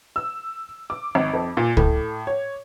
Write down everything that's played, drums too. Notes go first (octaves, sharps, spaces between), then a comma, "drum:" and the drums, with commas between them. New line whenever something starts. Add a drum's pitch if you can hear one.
E6
D6
G#1
F2
A#2
A2, drum: kick
C#5